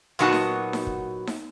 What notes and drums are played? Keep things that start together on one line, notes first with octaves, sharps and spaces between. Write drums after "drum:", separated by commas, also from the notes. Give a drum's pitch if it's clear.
A#2 F#3 B3 D#4 F#4 A5
drum: snare D#4
drum: snare D#4
drum: kick
drum: snare D#4